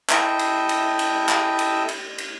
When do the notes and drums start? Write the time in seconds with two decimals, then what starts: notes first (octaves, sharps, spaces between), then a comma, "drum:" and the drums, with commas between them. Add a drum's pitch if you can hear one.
0.09 E4 A4 D#5 E5 G5, drum: clap
0.39 drum: cymbal
0.69 drum: cymbal
0.99 drum: cymbal
1.29 drum: clap
1.59 drum: cymbal
1.88 drum: cymbal
2.18 drum: cymbal